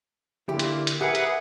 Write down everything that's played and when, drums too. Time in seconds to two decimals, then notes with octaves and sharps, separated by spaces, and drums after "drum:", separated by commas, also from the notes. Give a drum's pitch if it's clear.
0.49 A#2 D3 E4 G4
0.59 drum: hi-hat
0.87 drum: hi-hat
1.01 G4 G#4 A#4 B4 E5 F#5 D#6
1.15 drum: hi-hat